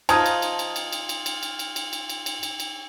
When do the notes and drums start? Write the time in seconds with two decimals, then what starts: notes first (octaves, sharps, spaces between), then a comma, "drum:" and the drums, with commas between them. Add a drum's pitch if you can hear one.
0.09 F3 D#4 F4 A5 D#6 G#6, drum: cymbal
0.26 drum: cymbal
0.42 drum: cymbal
0.59 drum: cymbal
0.76 drum: cymbal
0.92 drum: cymbal
1.09 drum: cymbal
1.26 drum: cymbal
1.43 drum: cymbal
1.59 drum: cymbal
1.76 drum: cymbal
1.93 drum: cymbal
2.09 drum: cymbal
2.26 drum: cymbal
2.43 drum: cymbal
2.60 drum: cymbal